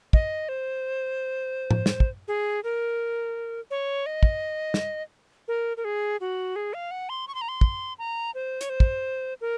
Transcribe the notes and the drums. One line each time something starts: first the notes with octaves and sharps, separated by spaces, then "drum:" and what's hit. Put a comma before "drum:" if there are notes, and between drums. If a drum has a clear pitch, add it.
D#5, drum: kick
C5
drum: tom A2
drum: snare
drum: kick
G#4
A#4
C#5
D#5
drum: kick
drum: snare
A#4
A#4
G#4
F#4
G#4
F5
F#5
C6
C#6
C6
A#5
C6
drum: kick
A#5
C5
C#5, drum: hi-hat
C5
drum: kick
A#4